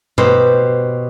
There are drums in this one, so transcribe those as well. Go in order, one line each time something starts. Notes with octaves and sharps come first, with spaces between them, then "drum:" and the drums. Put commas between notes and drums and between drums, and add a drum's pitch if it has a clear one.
B2 G4 C5, drum: tom G2